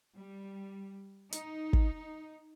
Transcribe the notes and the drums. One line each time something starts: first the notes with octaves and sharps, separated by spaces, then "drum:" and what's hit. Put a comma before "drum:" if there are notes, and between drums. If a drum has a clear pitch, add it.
G3
D#4, drum: hi-hat
drum: kick